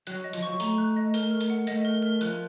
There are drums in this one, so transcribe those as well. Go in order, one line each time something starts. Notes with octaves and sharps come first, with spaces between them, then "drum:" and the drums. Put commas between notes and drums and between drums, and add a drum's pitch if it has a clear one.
F#3 F#6, drum: hi-hat
D#5
F3, drum: hi-hat
F#3 C#6
A3 A#5, drum: hi-hat
F#6
D#5
A#4, drum: hi-hat
A#4
drum: hi-hat
F#5
A3 D#5, drum: hi-hat
A#4
A#4
F3 F#6, drum: hi-hat